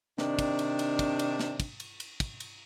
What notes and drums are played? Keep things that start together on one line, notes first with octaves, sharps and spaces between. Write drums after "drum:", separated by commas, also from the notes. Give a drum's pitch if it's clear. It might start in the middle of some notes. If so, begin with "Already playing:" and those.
C3 D#3 D4, drum: snare
drum: kick, cymbal
drum: cymbal
drum: cymbal
drum: kick, cymbal
drum: cymbal
drum: snare
drum: kick, cymbal
drum: cymbal
drum: cymbal
drum: kick, cymbal
drum: cymbal